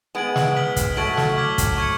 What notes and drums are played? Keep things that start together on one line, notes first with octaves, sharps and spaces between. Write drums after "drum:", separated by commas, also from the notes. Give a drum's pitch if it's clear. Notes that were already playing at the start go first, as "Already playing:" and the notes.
G#3 B3 G#6 D7 F#7
drum: snare
F6 B6 F#7
drum: kick, hi-hat
F#3 A3 C#6 G#6 B6 D7 F#7
drum: snare
D6 F6 G#6 B6
drum: kick, hi-hat
C#6 G#6 C#7